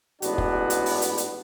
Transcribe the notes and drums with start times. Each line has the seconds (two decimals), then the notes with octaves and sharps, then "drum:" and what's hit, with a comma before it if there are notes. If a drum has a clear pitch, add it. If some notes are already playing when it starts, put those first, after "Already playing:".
0.22 A1 G#2 B3 D4 F#4, drum: hi-hat
0.38 drum: kick
0.70 drum: hi-hat
0.86 drum: open hi-hat
1.02 drum: hi-hat
1.18 drum: hi-hat